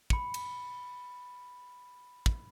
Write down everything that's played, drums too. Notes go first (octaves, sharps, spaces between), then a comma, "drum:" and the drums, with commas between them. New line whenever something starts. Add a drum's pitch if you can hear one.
B5 C#7, drum: kick
drum: cymbal
drum: kick